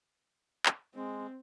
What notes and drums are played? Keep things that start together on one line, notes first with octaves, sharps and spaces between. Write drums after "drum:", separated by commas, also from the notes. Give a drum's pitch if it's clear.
drum: clap
G#3 C4